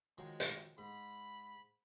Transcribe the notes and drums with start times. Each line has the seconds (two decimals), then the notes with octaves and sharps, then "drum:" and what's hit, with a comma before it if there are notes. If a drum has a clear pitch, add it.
0.18 D#3 F3 F#3 G#3
0.40 drum: hi-hat
0.78 G#2 B5